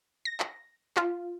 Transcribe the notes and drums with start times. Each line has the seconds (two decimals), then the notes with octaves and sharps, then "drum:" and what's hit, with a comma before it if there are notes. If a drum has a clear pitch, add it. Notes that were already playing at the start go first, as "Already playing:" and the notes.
0.25 A#6
0.40 drum: clap
0.97 F4, drum: clap